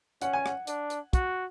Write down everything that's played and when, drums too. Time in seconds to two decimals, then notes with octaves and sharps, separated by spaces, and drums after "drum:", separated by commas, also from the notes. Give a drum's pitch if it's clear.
0.22 C#4 F#5, drum: hi-hat
0.33 G#5
0.46 F#5, drum: rim click
0.67 D4, drum: hi-hat
0.90 drum: hi-hat
1.13 F#4, drum: kick, hi-hat